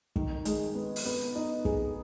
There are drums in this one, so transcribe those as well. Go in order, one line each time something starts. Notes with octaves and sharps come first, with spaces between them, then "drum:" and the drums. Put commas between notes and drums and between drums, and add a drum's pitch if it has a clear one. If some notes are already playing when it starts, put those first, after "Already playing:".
D#3, drum: kick
G#3, drum: hi-hat
B3
drum: open hi-hat
B3
D#4
G#4, drum: kick